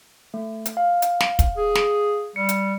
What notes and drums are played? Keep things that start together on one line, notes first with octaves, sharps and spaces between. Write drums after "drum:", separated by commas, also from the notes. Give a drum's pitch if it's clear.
A3
drum: hi-hat
F5
drum: hi-hat
drum: snare
drum: kick, hi-hat
G#4
drum: snare
G3 C#7
drum: hi-hat